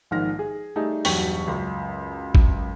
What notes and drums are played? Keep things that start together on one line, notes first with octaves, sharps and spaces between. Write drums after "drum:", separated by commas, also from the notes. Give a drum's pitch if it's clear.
A#1 G#2 D#3 F6 A#6
G#4
G3 A3 D#4 G#4
E1 G2 F#3 G5 C#6 B6, drum: open hi-hat
C#2 F#2
drum: kick G#1